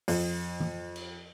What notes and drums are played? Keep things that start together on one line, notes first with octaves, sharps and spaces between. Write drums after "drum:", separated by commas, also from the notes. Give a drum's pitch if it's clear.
F2, drum: open hi-hat
drum: tom
drum: cymbal